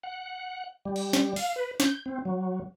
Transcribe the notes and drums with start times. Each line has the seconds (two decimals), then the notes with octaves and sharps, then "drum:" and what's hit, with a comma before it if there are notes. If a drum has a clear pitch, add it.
0.03 F#5
0.85 G3
0.96 drum: cymbal
1.13 drum: snare
1.36 F5, drum: open hi-hat
1.56 B4
1.80 G6, drum: snare
2.06 C4
2.25 F#3